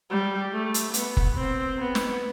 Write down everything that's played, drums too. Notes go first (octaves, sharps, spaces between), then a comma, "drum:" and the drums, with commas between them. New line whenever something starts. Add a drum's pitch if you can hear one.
G3
A3
drum: hi-hat
B3, drum: hi-hat
drum: kick
C4
B3
drum: snare